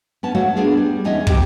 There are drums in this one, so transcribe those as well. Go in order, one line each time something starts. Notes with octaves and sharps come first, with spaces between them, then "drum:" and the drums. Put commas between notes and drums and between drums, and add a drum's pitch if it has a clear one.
B3 C#4 A5
A3 A#3 F#4 C#5 F5 F#5
A#3 B3 D4 F4 G#4 A4
G3
E2 C#4 D#4 D#5 E5 G#5
E2 C#3 F3 G4, drum: kick